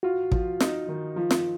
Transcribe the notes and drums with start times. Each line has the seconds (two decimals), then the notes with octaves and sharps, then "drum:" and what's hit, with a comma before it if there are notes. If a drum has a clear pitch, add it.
0.03 F4 F#4
0.32 F3, drum: kick
0.61 D#4, drum: snare
0.88 D#3
1.16 F3 F4
1.31 drum: snare